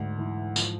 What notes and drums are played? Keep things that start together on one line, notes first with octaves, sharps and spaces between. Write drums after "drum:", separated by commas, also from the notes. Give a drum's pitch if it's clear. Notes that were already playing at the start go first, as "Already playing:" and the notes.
Already playing: D2 G#2
E3
F3, drum: tambourine